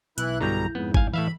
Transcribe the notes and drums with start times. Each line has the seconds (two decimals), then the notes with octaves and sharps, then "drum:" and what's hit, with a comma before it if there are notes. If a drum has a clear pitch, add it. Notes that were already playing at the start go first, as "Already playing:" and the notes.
0.18 B1 E3 E4 F#6, drum: hi-hat
0.41 G2 B2 D3 E4 A#5 G6
0.75 F2 G#2 C#3 B3
0.94 F5 G#5, drum: kick
1.14 A2 E3 E5 F5 B5